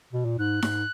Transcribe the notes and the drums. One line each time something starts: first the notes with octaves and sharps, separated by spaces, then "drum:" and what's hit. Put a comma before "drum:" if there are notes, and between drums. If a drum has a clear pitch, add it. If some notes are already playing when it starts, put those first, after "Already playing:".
B2
A#2
G#2 F#6
G#2, drum: snare D#4